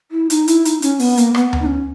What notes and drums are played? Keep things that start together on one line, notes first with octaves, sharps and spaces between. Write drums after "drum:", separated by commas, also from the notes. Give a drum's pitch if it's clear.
E4
D#4, drum: hi-hat
E4, drum: hi-hat
D#4, drum: hi-hat
C#4, drum: hi-hat
B3, drum: open hi-hat
A#3, drum: hi-hat
B3, drum: rim click
drum: tom D2
D#4
C#4